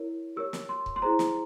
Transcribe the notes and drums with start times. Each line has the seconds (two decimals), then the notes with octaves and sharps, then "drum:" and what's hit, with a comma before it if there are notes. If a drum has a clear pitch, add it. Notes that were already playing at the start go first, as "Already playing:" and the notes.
Already playing: E4 A#4 C#5
0.36 G4 A#4 C#5 E6
0.53 drum: snare
0.69 C6
0.86 drum: kick C#1
0.96 C6
1.02 E4 G#4 C5 A#5
1.19 drum: snare